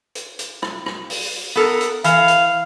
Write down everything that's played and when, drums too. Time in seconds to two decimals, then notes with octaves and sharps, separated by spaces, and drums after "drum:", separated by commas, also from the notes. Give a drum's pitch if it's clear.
0.15 drum: hi-hat
0.39 drum: hi-hat
0.62 drum: rim click
0.86 drum: rim click
1.10 drum: open hi-hat
1.56 B3 A4 A#4
1.81 drum: hi-hat
2.04 E3 F5, drum: hi-hat
2.28 drum: hi-hat